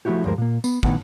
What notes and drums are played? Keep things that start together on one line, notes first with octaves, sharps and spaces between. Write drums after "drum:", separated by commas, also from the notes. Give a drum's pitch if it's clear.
F3 A3 D4 E4 F#4 G4
D2 G2 F3 G#3 A#4 C5
A#2 A#3
B3, drum: tambourine
B1 A2 D#3 B3 F#5 A5, drum: kick